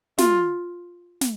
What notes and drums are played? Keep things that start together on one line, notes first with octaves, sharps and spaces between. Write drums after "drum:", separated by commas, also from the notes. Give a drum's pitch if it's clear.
F4, drum: snare
drum: snare